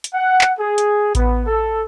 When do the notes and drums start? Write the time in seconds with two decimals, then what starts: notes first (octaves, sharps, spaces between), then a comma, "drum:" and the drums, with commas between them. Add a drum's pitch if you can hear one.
0.04 drum: hi-hat
0.14 F#5
0.41 drum: clap
0.59 G#4
0.78 drum: hi-hat
1.15 B3, drum: kick A1, hi-hat
1.47 A4